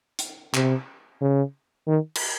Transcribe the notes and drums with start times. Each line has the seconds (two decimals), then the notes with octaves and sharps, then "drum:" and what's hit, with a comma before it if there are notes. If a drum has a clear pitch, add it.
0.19 drum: hi-hat
0.54 C3, drum: clap
1.21 C#3
1.88 D#3
2.15 drum: cymbal